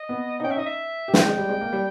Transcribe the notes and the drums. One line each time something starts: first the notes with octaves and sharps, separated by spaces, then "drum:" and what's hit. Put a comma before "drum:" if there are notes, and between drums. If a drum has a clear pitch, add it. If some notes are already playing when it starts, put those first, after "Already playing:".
Already playing: D#5
B3
D#4
C#4 G5
E5
D#4 D#5
E5
G4
E4 G5, drum: snare
G#3
G3
G#3
A#3
G3